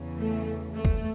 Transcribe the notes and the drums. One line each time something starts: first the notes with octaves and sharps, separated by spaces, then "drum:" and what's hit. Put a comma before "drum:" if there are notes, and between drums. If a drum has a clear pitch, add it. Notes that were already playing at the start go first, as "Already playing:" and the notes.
Already playing: E2 C#3 E3
A3
A3
drum: kick F#1